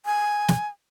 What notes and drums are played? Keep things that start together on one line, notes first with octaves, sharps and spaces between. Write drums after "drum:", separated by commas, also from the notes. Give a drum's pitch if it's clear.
G#5
drum: snare